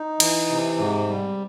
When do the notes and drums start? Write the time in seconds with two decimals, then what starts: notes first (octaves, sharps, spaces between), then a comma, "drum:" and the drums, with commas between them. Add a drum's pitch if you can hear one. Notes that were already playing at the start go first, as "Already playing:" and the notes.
Already playing: D#4
0.20 E3, drum: cymbal
0.50 C3
0.79 G#2
1.08 G3